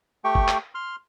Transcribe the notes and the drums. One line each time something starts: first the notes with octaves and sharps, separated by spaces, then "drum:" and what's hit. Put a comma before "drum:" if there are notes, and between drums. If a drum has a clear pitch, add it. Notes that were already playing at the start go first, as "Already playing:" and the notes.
A3 G4 G5 C#6
drum: kick G1
drum: clap
C6 F6